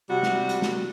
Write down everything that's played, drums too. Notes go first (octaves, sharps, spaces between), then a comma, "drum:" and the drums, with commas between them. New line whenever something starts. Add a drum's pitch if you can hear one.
C3 G3 F#4
drum: snare
drum: hi-hat
drum: snare